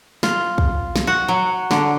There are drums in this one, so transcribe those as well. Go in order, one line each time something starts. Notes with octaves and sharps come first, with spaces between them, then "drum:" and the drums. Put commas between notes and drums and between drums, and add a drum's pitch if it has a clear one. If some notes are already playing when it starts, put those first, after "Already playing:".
F4, drum: snare
drum: kick
drum: snare
F#4
F#3
D3, drum: snare